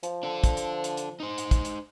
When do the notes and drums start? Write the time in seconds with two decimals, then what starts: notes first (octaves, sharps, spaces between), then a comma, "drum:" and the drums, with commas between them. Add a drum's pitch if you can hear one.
0.03 F3, drum: hi-hat
0.23 D4 A4
0.44 drum: kick, hi-hat
0.57 drum: hi-hat
0.84 drum: hi-hat
0.97 drum: hi-hat
1.20 D#4 C5
1.38 drum: hi-hat
1.51 drum: kick, hi-hat
1.65 drum: hi-hat